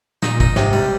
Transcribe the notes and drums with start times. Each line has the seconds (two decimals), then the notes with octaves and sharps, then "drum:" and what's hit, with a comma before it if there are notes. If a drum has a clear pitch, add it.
0.22 A#2 D#4, drum: snare
0.40 D#4, drum: kick G#1
0.56 G#2 C3, drum: snare
0.73 G3